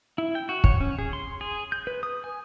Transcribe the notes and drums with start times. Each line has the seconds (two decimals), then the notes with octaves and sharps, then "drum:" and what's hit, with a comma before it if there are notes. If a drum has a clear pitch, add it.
0.18 E4
0.35 G5
0.49 F#4
0.64 C#5, drum: kick
0.81 C#4
0.99 G#4
1.13 C6
1.41 G#4
1.72 G6
1.87 B4
2.03 D#6
2.24 G#5